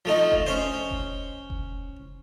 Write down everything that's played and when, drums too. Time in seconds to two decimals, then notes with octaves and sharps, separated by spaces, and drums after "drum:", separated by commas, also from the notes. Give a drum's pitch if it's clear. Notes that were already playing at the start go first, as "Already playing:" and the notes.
0.05 F3 A3 D#4
0.32 drum: kick F1
0.46 C#4 C5
0.91 drum: kick F1
1.50 drum: kick F1